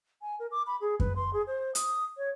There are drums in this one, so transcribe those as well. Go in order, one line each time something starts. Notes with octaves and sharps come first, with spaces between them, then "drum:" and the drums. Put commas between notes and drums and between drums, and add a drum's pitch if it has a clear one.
G#5
A#4
D6
B5
G#4
B4, drum: kick F#2
C6
G#4
C5
D#6, drum: hi-hat
C#5